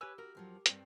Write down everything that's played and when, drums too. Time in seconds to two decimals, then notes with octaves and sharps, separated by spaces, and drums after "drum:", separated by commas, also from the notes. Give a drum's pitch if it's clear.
0.01 G4 B4 C#5 G#5 E6
0.18 F#4 A#4
0.35 F2 F3 F#3
0.66 G2 C4 D5, drum: hi-hat